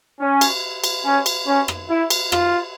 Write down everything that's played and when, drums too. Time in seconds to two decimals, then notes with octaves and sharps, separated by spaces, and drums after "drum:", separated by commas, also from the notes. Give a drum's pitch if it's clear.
0.20 C#4
0.41 drum: cymbal
0.84 drum: cymbal
1.05 C#4
1.26 drum: cymbal
1.47 C#4
1.68 drum: rim click
1.90 E4
2.10 drum: cymbal
2.32 F4, drum: rim click